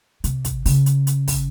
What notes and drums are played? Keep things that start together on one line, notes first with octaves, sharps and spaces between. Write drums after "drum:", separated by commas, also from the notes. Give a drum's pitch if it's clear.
C3, drum: hi-hat
drum: kick, hi-hat
C#3, drum: open hi-hat
drum: hi-hat
drum: hi-hat
drum: kick, open hi-hat